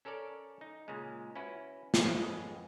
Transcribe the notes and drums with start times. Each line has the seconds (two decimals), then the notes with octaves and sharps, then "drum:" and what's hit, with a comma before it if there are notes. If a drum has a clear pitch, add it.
0.05 C#4 A4 A#4 C#5 D5
0.61 D#4
0.88 A#2 C#3 G#3
1.36 C#4 E4 F#4 B4
1.94 G#2 B2 D3 F3 A#3, drum: snare
2.14 G#1 F2 G#3 C#4 B4 D#5